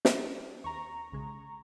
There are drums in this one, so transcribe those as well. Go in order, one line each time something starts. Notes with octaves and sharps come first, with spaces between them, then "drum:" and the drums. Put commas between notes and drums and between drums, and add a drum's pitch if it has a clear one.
F#4, drum: snare
D#2 A#5 C#6
B1 C#3 G#3